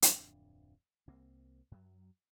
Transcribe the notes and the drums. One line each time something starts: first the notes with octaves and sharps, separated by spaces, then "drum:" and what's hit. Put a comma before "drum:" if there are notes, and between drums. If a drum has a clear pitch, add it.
D1 F2 D4, drum: hi-hat
C2 A#3 C4
F#2 F#3